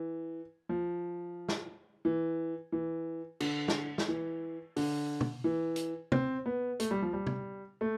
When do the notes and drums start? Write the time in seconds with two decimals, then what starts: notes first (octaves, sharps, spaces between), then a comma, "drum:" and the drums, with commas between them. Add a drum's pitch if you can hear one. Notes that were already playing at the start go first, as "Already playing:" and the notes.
Already playing: E3
0.69 F3
1.49 drum: snare
2.05 E3
2.72 E3
3.40 D3, drum: cymbal
3.68 drum: snare
3.98 drum: snare
4.08 E3
4.76 D3, drum: open hi-hat
5.21 drum: tom
5.44 E3
5.76 drum: hi-hat
6.12 C4, drum: tom C3
6.46 B3
6.80 A3, drum: hi-hat
6.91 G3
7.02 F3
7.13 G3
7.27 drum: tom C3
7.81 A3